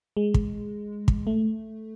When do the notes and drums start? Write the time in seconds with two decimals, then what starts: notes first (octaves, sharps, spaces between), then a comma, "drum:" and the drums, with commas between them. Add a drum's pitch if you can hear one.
0.17 G#3
0.34 drum: kick
1.08 drum: kick
1.27 A3